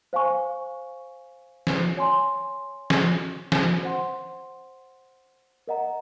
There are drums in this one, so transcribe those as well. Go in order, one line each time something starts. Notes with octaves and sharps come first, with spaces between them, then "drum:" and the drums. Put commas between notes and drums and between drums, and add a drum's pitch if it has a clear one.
C5 F5 G#5 C#6
drum: snare
C#5 G#5 C6
drum: snare
drum: snare
C5 F#5 C6
A#4 D#5 F#5 A#5